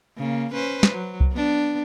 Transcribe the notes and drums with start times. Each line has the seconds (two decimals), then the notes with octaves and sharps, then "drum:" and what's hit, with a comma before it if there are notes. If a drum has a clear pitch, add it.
0.17 C#3 A#3
0.54 C#4 B4 C5
0.83 drum: snare
0.93 F#3
1.20 drum: kick C2
1.33 B3 D4